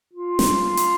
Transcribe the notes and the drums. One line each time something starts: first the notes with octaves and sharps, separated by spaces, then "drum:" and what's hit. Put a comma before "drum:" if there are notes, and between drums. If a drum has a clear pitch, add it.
F4
drum: snare
drum: hi-hat